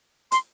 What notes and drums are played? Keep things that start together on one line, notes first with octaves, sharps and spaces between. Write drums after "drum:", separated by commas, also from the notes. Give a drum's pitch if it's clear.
C6, drum: hi-hat